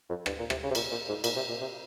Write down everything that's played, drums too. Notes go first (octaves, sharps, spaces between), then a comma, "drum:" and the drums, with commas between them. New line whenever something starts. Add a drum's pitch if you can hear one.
F2
G2, drum: rim click
A#2
C3, drum: rim click
C#3
C3
A#2, drum: cymbal
A#2
G#2
A#2, drum: cymbal
C3
A#2
C3